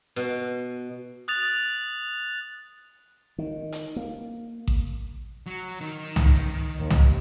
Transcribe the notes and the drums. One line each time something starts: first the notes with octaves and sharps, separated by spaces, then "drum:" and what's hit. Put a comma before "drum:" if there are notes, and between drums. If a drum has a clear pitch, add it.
B2
D#6 F#6 A6 F7
D#3
drum: hi-hat
A#3
drum: kick A1
F#3
D#3
drum: tom C2
D#2
drum: tom C2